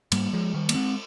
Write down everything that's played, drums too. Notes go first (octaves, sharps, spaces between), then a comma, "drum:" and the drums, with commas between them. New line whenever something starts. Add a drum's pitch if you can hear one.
G#2 G3 A#3, drum: cymbal
F3 G#3
D#3 G3
A#3, drum: cymbal
G#3 C4